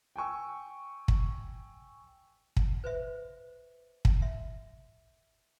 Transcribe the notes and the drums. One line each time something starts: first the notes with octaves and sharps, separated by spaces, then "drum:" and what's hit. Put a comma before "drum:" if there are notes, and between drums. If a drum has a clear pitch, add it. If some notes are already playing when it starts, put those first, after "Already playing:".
G5 G#5 C#6 E6
drum: kick
drum: kick
B4 C5 E5
drum: kick
E5